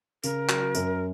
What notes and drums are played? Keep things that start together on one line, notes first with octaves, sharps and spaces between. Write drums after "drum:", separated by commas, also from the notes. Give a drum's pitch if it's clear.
C#3 A#4, drum: tambourine
F#3, drum: clap
F#2, drum: tambourine